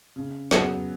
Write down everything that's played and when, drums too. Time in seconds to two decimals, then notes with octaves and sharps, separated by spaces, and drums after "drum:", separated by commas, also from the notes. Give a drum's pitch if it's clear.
0.16 C#3
0.51 F#3 B3 G#4, drum: snare